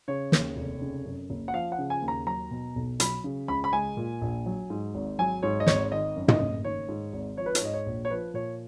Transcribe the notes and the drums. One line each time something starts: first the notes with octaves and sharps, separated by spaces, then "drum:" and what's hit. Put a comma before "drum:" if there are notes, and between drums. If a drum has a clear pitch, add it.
C#3 C#5
D#2, drum: snare
F1
C#3
F#2
F#1
F#5
F3 F5
F#5
C#3
G#5
D#2
A#5
F#3 A#5
B2
B1
F#3 B5, drum: hi-hat
C#3
C#2 B5
B5
G#3 G#5
A#2
A#1
F#3
G#2
G#1
F#3 G#5
G#2 C#5
D#5
G#1 C#5, drum: snare
D#3 D#5
F#2
D#5, drum: tom
F#1
D#3 C#5
G#2
G#1
F3 C#5
B4
C#5, drum: hi-hat
G#2 D#5
C#5
A#1
C#5
F3 B4
A#2 C#5